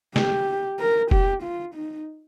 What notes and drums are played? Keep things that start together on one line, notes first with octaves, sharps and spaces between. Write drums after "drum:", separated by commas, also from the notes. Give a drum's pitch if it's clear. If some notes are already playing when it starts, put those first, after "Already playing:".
G4, drum: snare
A#4
G4, drum: kick F1
F4
D#4